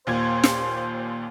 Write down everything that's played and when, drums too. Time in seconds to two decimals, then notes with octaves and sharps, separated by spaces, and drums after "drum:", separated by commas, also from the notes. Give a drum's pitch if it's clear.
0.07 D#2 A#2 C5 G#6
0.44 drum: snare